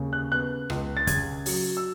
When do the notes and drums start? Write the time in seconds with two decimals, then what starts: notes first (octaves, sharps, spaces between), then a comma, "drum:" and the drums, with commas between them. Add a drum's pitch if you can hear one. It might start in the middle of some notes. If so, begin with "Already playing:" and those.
Already playing: D#2 C#3
0.13 F#6
0.31 B3 F#6
0.70 C#2, drum: rim click
0.97 A6
1.07 C#3 G#6, drum: kick, hi-hat
1.46 F#3, drum: open hi-hat
1.77 E6